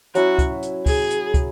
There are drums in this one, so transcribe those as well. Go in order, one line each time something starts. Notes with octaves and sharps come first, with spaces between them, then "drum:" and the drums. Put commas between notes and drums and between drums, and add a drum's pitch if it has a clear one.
F#3 C#4 E4 F#4, drum: hi-hat
drum: kick, hi-hat
drum: hi-hat
G#4, drum: kick, open hi-hat
drum: hi-hat
drum: kick, hi-hat